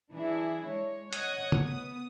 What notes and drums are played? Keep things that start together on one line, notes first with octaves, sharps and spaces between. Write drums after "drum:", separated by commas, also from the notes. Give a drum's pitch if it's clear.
E3 D4 E4 G#4
G#3 C#5
C#5 D#5 F#5 D#6 F#6 G#6, drum: hi-hat
drum: tom C#3
B3 D#6